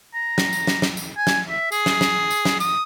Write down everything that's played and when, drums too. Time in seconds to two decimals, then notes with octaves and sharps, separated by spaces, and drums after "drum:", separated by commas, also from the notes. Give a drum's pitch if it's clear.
0.15 A#5
0.38 drum: snare
0.53 drum: tambourine
0.67 drum: snare
0.82 drum: snare
0.97 drum: tambourine
1.17 G#5
1.27 drum: snare
1.50 E5
1.72 G#4, drum: tambourine
1.86 drum: snare
2.01 drum: snare
2.31 drum: tambourine
2.45 drum: snare
2.60 D#6, drum: tambourine